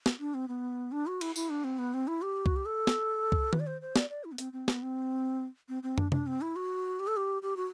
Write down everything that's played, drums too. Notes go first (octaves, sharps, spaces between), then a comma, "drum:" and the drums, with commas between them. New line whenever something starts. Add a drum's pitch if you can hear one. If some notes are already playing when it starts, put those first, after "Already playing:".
drum: snare
D4
C4
B3
D4
F#4
E4, drum: cymbal
E4, drum: tambourine
D4
C4
B3
C4
E4
G4
F#4, drum: kick C2
G4
A4
drum: snare
drum: kick C2
B4, drum: tom D#3
D5
C5
C5
D5, drum: snare
D5
E4
B3
C4, drum: hi-hat
C4
B3, drum: snare
C4
C4
C4
D4, drum: tom
D4, drum: tom C3
C4
E4
F#4
G4
A4
G4
G4
F#4